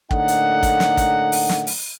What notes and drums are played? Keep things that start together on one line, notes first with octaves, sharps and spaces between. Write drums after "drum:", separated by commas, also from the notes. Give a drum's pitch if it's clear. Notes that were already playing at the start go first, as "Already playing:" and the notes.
A2 D3 A#3 D#4 F#5, drum: kick
drum: hi-hat
drum: kick, hi-hat
drum: snare
drum: kick, hi-hat
drum: open hi-hat
drum: snare
drum: open hi-hat